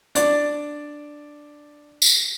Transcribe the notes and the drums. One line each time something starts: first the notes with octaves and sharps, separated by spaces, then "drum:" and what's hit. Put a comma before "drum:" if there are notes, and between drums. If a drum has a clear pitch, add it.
D4 D5, drum: hi-hat
drum: tambourine